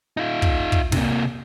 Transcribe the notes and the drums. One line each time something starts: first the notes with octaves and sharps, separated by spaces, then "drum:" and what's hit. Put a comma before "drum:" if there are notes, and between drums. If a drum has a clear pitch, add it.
D#4 F4
drum: kick
drum: kick
C3 A#3, drum: snare